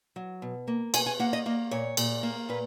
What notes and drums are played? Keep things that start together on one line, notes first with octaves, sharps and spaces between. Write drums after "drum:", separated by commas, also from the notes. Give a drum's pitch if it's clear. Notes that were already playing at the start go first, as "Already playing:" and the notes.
F#3
B2
A#3
B2 G#5, drum: cymbal
G#5
A#3 F#5
D#5
A#3 D#5
A#2 C#5
A#2, drum: cymbal
A#3
A#2 B4